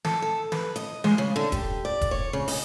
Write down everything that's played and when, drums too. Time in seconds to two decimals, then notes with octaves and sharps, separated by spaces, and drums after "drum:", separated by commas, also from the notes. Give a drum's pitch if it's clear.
0.05 A4, drum: snare
0.22 A4
0.52 B4, drum: snare
0.76 D#5, drum: hi-hat
1.04 G#3, drum: snare
1.18 C#3
1.36 D3
1.52 G4, drum: kick E1, hi-hat
1.85 D5
2.01 drum: kick E1, hi-hat
2.11 C#5
2.33 C#3
2.48 D#5, drum: open hi-hat